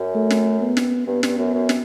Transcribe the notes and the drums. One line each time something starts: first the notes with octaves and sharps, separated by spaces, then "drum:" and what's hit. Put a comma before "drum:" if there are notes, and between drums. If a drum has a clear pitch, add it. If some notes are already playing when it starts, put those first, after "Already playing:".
Already playing: F#2
A3
drum: snare
B3
drum: snare
G2 B3
G2, drum: snare
F#2
F#2
drum: snare